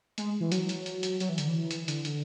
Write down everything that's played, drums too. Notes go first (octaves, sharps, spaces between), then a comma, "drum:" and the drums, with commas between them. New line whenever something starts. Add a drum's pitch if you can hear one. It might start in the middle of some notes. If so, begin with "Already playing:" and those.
G#3, drum: hi-hat
E3
F#3, drum: hi-hat
drum: hi-hat
drum: hi-hat
drum: hi-hat
F#3, drum: hi-hat
E3
D3, drum: hi-hat
E3
drum: hi-hat
D3, drum: hi-hat
D3, drum: hi-hat